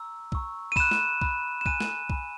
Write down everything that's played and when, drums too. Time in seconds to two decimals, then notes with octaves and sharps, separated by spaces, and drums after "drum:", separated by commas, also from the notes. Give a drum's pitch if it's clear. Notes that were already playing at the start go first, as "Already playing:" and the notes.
Already playing: A#5 C#6 E6
0.32 A#5 C#6 E6, drum: kick B1
0.72 D#7
0.76 B5 F#6 E7, drum: kick B1
0.91 drum: snare
1.22 B5 F#6, drum: kick B1
1.61 E7
1.66 G#5 B5 F#6 D#7, drum: kick B1
1.80 drum: snare
2.10 G#5 B5 F#6, drum: kick B1